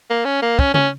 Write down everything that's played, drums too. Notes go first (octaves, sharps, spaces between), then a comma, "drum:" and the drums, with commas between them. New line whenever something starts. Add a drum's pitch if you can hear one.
A#3
C#4
A#3
C#4, drum: kick
C#4, drum: tom C#3